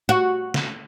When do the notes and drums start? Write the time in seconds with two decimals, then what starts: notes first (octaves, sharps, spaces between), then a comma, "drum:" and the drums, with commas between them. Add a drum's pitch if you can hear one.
0.09 F#4
0.54 drum: snare